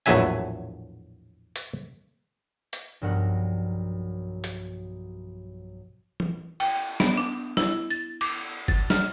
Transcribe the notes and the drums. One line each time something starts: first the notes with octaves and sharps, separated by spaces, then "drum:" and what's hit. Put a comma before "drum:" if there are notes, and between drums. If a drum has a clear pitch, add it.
A#1 E2 A2 F#3 E5 G#5
drum: hi-hat
drum: hi-hat
B1 G2 F3 A#4 F#5
drum: hi-hat
drum: tom E3
G5, drum: cymbal
B3, drum: snare
D4
E4, drum: snare
A6
D6, drum: cymbal
A6, drum: kick F#1
F6, drum: snare